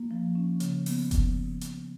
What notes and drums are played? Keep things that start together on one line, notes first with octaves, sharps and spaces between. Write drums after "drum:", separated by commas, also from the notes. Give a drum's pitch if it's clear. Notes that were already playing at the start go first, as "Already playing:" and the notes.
Already playing: A#3
F3
C#4
C#3, drum: hi-hat
B3, drum: open hi-hat
drum: kick F1, hi-hat
drum: hi-hat